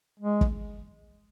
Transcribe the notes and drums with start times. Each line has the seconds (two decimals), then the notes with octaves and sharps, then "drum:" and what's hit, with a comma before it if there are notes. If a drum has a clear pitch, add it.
0.20 G#3
0.41 drum: kick